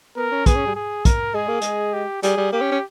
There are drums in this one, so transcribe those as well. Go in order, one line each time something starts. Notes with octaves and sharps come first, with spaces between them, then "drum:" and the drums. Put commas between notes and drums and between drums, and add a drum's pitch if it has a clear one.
B3 A#4
C#4
B3 G#4, drum: kick, hi-hat
C#4
G3
G#4
A#4, drum: kick, hi-hat
G#3 G#4
A#3
G#3, drum: hi-hat
G4
G3 G#4, drum: hi-hat
G3
A#3 G4
C#4
C#4